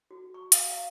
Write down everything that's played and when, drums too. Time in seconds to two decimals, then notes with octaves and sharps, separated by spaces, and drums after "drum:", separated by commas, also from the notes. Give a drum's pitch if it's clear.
0.11 F#4
0.34 C#6
0.52 F5, drum: hi-hat
0.72 F5